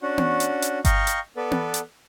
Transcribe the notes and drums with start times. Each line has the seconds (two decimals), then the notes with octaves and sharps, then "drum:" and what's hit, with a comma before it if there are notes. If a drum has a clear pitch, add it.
0.02 C#4 D4 F#4 F#5
0.18 drum: tom B3
0.40 drum: hi-hat
0.62 drum: hi-hat
0.85 D#5 F5 G5 A#5 C#6, drum: kick G1, hi-hat
1.07 drum: hi-hat
1.37 B3 A4 B4 D5
1.51 drum: tom B3
1.74 drum: hi-hat